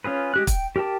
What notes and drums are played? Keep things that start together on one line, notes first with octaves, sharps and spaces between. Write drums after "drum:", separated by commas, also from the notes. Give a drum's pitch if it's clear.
C#4 F4 G#4 B4
G#3 G4 F#6
G5, drum: kick, hi-hat
G4 A#4 G5 A5 D6